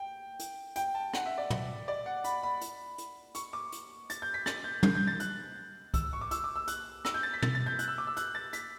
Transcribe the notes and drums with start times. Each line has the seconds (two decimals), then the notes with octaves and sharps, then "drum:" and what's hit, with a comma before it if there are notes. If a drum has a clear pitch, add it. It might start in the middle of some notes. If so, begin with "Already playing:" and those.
Already playing: G5
0.39 drum: hi-hat
0.76 G5, drum: hi-hat
0.95 A5
1.14 F#5, drum: rim click
1.26 E5
1.38 D5
1.50 drum: tom
1.88 D5
2.06 F#5
2.24 B5, drum: hi-hat
2.43 B5
2.61 drum: hi-hat
2.98 drum: hi-hat
3.35 C#6, drum: hi-hat
3.53 D6
3.72 drum: hi-hat
4.10 A6, drum: hi-hat
4.22 G6
4.34 B6
4.46 A6, drum: rim click
4.64 G6
4.83 G6, drum: tom
4.95 G6
5.07 A6
5.20 F#6, drum: hi-hat
5.94 E6, drum: kick C2, hi-hat
6.13 C#6
6.21 D6
6.31 E6, drum: hi-hat
6.44 D6
6.56 E6
6.68 F#6, drum: hi-hat
7.05 E6, drum: rim click
7.14 G6
7.23 A6
7.34 B6
7.42 A6, drum: tom
7.55 A6
7.66 G6
7.79 F#6, drum: hi-hat
7.88 E6
7.98 D6
8.07 E6
8.17 F#6, drum: hi-hat
8.35 A6
8.53 B6, drum: hi-hat